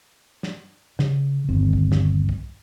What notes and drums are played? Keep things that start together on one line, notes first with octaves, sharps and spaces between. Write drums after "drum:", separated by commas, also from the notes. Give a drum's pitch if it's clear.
drum: snare
C#3, drum: snare
G1 D#2 C4
drum: kick
drum: snare
drum: kick